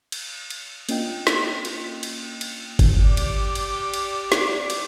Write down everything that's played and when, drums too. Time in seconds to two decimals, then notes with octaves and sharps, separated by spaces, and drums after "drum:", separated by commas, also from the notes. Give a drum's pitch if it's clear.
0.12 drum: cymbal
0.50 drum: cymbal
0.89 A#3 C#4 D4 F4 D#5 G5, drum: cymbal
1.27 drum: snare
1.65 drum: cymbal
2.03 drum: cymbal
2.41 drum: cymbal
2.79 drum: kick G1, cymbal
3.04 G4 D5
3.17 drum: cymbal
3.55 drum: cymbal
3.94 drum: cymbal
4.32 drum: snare
4.70 drum: cymbal